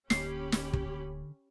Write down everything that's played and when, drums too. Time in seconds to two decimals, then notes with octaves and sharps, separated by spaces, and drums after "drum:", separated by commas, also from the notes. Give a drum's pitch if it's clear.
0.10 D1 D3 A#3 C#4 G4 B5 C7, drum: snare
0.52 drum: snare
0.73 drum: kick